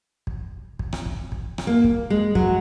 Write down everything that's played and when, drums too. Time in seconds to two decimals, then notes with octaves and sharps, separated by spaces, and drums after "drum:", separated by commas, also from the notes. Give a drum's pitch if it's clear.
0.27 drum: kick
0.79 drum: kick
0.93 drum: rim click
1.06 drum: kick
1.32 drum: kick
1.58 drum: rim click
1.67 A#3
1.84 drum: kick
2.10 G#3
2.35 F#3, drum: kick